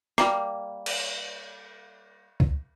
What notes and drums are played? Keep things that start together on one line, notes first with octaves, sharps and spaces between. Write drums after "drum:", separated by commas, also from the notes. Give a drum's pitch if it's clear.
G3 A#3, drum: rim click
drum: cymbal
drum: kick